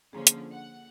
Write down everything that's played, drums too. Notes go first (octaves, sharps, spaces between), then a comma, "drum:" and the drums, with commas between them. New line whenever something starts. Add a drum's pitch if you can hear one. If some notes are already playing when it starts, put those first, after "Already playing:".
D3 F3 A#3 C#4 G#4
drum: hi-hat
F#5